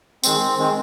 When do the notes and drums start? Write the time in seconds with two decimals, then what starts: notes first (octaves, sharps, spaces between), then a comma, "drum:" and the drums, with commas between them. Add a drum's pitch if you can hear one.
0.24 D#3 G#3 C4, drum: tambourine
0.58 D#3 G#3 C4